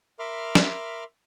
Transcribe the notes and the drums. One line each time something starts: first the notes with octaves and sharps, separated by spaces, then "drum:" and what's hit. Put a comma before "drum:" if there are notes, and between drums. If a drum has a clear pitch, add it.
A#4 E5 B5 C6 D6 F6
drum: snare